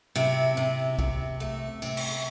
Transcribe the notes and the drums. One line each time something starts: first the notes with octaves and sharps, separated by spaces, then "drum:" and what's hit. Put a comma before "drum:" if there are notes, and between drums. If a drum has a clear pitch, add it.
C3 E4
C3
C3, drum: kick B1
A3
C3, drum: tambourine
drum: cymbal